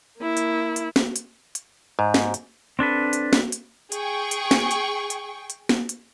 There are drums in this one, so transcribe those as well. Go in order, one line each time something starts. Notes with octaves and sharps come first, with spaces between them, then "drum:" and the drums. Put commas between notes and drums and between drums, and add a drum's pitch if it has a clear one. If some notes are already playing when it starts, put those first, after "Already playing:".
A#3 E4
drum: hi-hat
drum: hi-hat
drum: snare
drum: hi-hat
drum: hi-hat
G#2
drum: snare
drum: hi-hat
C4 D4 A4 B4
drum: hi-hat
drum: snare
drum: hi-hat
G#4 G5 C#6, drum: hi-hat
drum: hi-hat
drum: snare
drum: hi-hat
drum: hi-hat
drum: hi-hat
drum: snare
drum: hi-hat